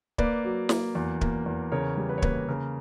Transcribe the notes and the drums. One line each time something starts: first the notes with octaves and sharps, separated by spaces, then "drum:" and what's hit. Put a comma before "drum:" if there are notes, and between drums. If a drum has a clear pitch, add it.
A#3 B4 D5, drum: kick
F#3
A#3, drum: snare
E2
A#3, drum: kick
E2
C#3 A#4 C#5
G3
B4
C#5
A#3 B4, drum: kick
C#3 A#4